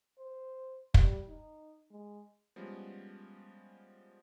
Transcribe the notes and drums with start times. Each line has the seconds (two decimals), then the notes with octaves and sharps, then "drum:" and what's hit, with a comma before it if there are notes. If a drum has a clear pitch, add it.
0.19 C5
0.94 G3, drum: kick
1.28 D#4
1.91 G#3
2.56 F3 G3 G#3 B3 C#4